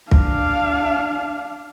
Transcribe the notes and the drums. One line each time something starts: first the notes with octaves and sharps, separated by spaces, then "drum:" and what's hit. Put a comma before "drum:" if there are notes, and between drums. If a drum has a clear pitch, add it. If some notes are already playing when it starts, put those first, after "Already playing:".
D4 F5, drum: kick